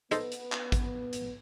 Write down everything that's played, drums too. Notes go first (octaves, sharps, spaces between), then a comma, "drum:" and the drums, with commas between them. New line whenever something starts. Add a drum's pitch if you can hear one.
B3 D#4 A4 C5, drum: hi-hat
drum: hi-hat
drum: clap
drum: kick G#1, hi-hat
drum: hi-hat